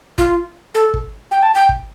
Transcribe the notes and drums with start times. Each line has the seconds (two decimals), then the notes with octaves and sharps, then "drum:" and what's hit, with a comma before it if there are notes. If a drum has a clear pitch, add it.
0.18 F4, drum: kick
0.75 A4
0.94 drum: kick
1.31 G5
1.43 A5
1.54 G5
1.69 drum: kick